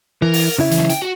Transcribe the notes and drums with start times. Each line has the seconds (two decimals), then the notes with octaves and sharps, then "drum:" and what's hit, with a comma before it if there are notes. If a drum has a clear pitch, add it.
0.22 E3 A#4
0.34 drum: open hi-hat
0.58 C#3 E4 E5
0.71 E3 F#3, drum: hi-hat
0.90 G5, drum: hi-hat
1.02 F#4